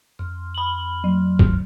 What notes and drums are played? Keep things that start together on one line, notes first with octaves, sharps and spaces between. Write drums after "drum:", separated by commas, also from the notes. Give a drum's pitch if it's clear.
F2
B5 F#7
F#3
drum: kick